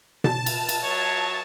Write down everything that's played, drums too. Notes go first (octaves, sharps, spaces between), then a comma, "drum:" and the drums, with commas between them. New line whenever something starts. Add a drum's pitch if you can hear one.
A5, drum: tom B2
drum: cymbal
drum: cymbal
F#3 C#5